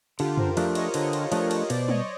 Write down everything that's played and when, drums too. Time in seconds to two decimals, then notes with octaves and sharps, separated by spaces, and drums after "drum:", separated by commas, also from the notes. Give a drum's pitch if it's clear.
0.19 D3 F4 G4, drum: cymbal
0.37 A#4 C5, drum: tom
0.57 F3 A3 D4, drum: cymbal
0.75 C#5 D#5, drum: cymbal
0.94 D3 C#5 D#5, drum: cymbal
1.13 drum: cymbal
1.32 F3 A3 D4 C#5 D#5, drum: cymbal
1.51 drum: cymbal
1.70 B2 C5 D5, drum: cymbal
1.88 C#5 D#5, drum: tom